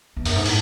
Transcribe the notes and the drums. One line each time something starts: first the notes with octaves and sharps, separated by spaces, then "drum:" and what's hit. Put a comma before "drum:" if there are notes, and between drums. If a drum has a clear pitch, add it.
E2
F#2, drum: open hi-hat
G#2
A2, drum: cymbal